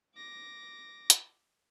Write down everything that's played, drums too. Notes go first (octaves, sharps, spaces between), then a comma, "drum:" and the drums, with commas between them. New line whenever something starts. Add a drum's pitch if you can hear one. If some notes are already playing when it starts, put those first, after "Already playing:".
D6 A#6
drum: hi-hat